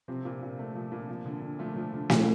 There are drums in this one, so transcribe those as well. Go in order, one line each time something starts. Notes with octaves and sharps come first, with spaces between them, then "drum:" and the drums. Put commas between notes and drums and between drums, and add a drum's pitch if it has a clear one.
C3 F3 C4
A#2
A#2
A3
F3
A#2
F3
D3
D3
F3 A3 F4
F3
D3
F3, drum: snare